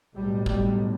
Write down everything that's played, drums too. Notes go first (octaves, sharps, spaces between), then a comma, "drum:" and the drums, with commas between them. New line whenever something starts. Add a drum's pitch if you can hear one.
B1 A2 G3
G3, drum: kick G#1